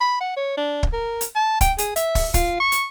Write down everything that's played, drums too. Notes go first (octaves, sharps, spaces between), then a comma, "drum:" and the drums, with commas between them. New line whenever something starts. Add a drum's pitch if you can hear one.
B5
F#5
C#5
D4
drum: kick
A#4
drum: hi-hat
A5
G5, drum: kick, hi-hat
G#4, drum: hi-hat
E5, drum: hi-hat
drum: kick, open hi-hat
F4, drum: kick, hi-hat
C#6
drum: hi-hat